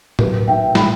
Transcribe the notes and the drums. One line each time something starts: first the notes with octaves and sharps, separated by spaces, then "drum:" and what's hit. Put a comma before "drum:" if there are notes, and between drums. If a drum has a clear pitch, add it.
F#3 G4 B4, drum: tom A2
B1 E5 G5
A2 G5 B5, drum: snare